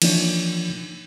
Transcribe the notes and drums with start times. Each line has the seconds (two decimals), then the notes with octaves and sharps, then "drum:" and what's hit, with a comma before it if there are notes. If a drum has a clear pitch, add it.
0.02 E3 F3 A#3 D4 D#4 C#5, drum: cymbal